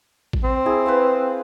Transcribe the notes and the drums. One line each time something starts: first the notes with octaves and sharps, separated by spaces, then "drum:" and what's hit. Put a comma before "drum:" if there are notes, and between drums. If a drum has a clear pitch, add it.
drum: kick A1
C4
E4 G#4
B4 C5 F5